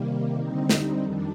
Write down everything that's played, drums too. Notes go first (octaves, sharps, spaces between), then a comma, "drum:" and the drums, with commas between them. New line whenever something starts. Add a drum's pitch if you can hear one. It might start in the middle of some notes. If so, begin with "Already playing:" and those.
Already playing: C3 D#3 G3 A#3
D3 G3 C4 D#4
drum: snare
F2 D#3 G3 D4